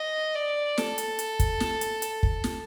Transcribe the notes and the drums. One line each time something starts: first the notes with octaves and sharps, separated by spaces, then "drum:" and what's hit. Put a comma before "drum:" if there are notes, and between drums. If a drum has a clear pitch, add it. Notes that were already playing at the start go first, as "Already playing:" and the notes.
Already playing: D#5
D5
A4, drum: snare
drum: hi-hat
drum: hi-hat
drum: kick, hi-hat
drum: snare
drum: hi-hat
drum: hi-hat
drum: kick
drum: snare